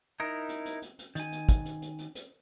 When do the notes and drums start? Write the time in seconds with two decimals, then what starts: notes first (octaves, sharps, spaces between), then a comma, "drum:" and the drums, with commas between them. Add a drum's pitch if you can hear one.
0.20 D#4 E4 A#4
0.49 drum: hi-hat
0.65 drum: hi-hat
0.82 drum: hi-hat
0.99 drum: hi-hat
1.15 D#3 G#5, drum: hi-hat
1.32 drum: hi-hat
1.49 drum: kick, hi-hat
1.65 drum: hi-hat
1.82 drum: hi-hat
1.99 drum: hi-hat
2.15 drum: hi-hat